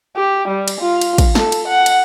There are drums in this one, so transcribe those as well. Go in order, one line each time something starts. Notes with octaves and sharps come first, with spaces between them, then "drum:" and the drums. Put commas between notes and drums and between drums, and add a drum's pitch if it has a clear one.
G4
G3
drum: cymbal
F4
drum: cymbal
drum: kick, cymbal
A4, drum: snare
drum: cymbal
F#5
drum: cymbal